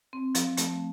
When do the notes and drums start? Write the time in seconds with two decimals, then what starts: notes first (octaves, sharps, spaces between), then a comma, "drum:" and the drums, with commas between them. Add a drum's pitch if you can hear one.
0.13 C4
0.35 F3, drum: hi-hat
0.57 A3, drum: hi-hat